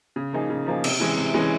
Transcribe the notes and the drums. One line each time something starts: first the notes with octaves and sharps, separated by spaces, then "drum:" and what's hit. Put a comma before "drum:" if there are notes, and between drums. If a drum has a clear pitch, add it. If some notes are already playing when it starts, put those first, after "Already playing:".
C#3
F3 A#3 D#4 G#4
C#3
F3 A#3 D#4 G#4
C3, drum: cymbal
E3 G#3 C#4
C3
E3 G#3 C#4